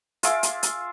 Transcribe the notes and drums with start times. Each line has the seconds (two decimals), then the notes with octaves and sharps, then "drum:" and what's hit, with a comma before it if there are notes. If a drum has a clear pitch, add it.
0.23 F4 G#4 E5 D6, drum: hi-hat
0.43 drum: hi-hat
0.63 drum: hi-hat